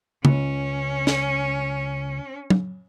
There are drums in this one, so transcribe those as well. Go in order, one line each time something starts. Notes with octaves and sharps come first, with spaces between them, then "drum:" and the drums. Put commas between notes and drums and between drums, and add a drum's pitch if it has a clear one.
C#2 C#4, drum: tom C#3
drum: snare
drum: tom